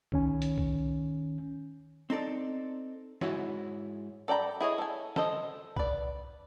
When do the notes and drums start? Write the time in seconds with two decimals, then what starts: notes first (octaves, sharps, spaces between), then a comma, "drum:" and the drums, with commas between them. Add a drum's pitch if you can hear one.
0.12 D#3 C#4 G#5, drum: kick C2
0.42 drum: hi-hat
0.58 drum: kick C2
2.10 C4 D#4 A4 D5
3.21 G#2 E4 F#4 C#5 G#5, drum: snare
4.28 A4 D5 G5 A#5 B5
4.61 E4 G#4 C#5 D#5
4.78 A4 G#5
5.16 A4 C5 D#5, drum: snare
5.76 B4 D5, drum: kick C2